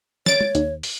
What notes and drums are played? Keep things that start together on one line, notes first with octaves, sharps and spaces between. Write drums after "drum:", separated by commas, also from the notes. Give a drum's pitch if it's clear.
C#5 A6 D7, drum: snare
drum: tom
D#2, drum: hi-hat
drum: open hi-hat